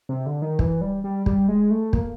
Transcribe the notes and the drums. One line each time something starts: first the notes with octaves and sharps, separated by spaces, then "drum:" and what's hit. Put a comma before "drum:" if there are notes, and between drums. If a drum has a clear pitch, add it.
C3
D3
D#3
E3, drum: kick
G3
G3
G3, drum: kick
G#3
A3
A#3, drum: kick